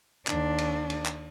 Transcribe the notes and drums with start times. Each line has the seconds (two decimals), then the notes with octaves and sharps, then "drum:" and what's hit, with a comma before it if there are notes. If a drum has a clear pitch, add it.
0.27 D#2 D4, drum: clap
0.58 drum: cymbal
0.90 drum: cymbal
1.06 drum: clap